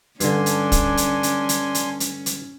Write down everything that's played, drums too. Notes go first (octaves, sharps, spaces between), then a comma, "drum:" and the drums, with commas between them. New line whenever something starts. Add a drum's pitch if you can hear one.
G2 D3 C#4 D4 G#5 C6, drum: hi-hat
drum: hi-hat
drum: kick, hi-hat
drum: hi-hat
drum: hi-hat
drum: hi-hat
drum: hi-hat
drum: hi-hat
drum: hi-hat